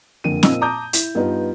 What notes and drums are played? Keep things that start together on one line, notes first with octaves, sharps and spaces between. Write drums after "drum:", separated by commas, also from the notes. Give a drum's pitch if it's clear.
F#1 F2 D3 D#7
A#2 F3 C4 D#5 E6, drum: snare
A5 A#5 D6 D#6 G6
E4, drum: hi-hat
G2 B3 D#4 F4